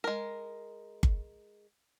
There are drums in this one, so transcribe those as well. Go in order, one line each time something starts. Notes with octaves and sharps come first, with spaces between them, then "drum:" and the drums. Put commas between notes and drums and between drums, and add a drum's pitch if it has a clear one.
G#3 A#4
drum: kick G1